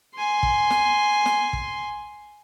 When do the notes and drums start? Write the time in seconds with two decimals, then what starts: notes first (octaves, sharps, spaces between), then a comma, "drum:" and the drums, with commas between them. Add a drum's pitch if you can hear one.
0.15 G#5 C6
0.43 drum: kick
0.70 drum: snare
1.26 drum: snare
1.53 drum: kick